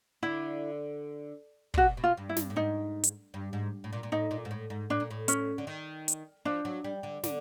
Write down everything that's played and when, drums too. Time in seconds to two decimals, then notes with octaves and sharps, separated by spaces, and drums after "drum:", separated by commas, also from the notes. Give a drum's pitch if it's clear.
0.23 D3 E4
1.74 A#2, drum: kick
1.77 B2 F#4
1.97 B2
2.04 F4
2.17 G2
2.29 E4
2.36 G2, drum: snare
2.50 A2
2.56 G#2 D#4
3.04 drum: hi-hat
3.34 G2
3.53 G#2
3.84 A2
3.93 A#2
4.03 A#2
4.12 A2 D#4
4.31 A#2
4.45 G#2
4.51 A2
4.70 G#2
4.90 A2 D4
5.00 A#2
5.11 A2
5.28 C#4, drum: hi-hat
5.58 D3
5.67 D#3
6.08 drum: hi-hat
6.45 F3 D4
6.65 F#3
6.84 G3
7.03 D3
7.24 D3, drum: snare